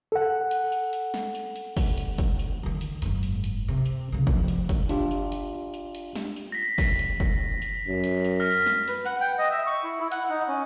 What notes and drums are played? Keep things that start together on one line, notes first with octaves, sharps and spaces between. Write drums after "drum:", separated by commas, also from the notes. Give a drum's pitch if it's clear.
A4 F#5
drum: hi-hat
drum: hi-hat
drum: hi-hat
drum: snare
drum: hi-hat
drum: hi-hat
drum: kick, open hi-hat
drum: hi-hat
drum: kick, hi-hat
drum: hi-hat
D3 D#3
drum: hi-hat
F#1 G#2, drum: hi-hat
drum: hi-hat
drum: hi-hat
C3
drum: hi-hat
C#3 A#3
F3, drum: kick
drum: hi-hat
drum: kick, hi-hat
D4 F4 G4, drum: hi-hat
drum: hi-hat
drum: hi-hat
drum: hi-hat
drum: hi-hat
drum: snare
drum: hi-hat
A#6 B6
drum: kick, open hi-hat
drum: hi-hat
drum: kick
drum: hi-hat
F#2
drum: hi-hat
drum: hi-hat
F6 A#6 B6
drum: snare
B4, drum: hi-hat
F#5, drum: hi-hat
G5
D#5
E5
C#6
E4
E4
F#5, drum: hi-hat
D#4
C#4